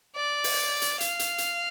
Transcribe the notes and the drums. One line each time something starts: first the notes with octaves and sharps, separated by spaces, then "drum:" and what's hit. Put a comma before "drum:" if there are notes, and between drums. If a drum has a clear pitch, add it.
D5
drum: open hi-hat
drum: hi-hat
F5, drum: hi-hat
drum: hi-hat
drum: hi-hat